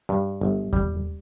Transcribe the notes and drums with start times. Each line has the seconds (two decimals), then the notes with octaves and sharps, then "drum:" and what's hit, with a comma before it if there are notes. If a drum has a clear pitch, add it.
0.09 G2
0.41 G1
0.73 G3, drum: kick E2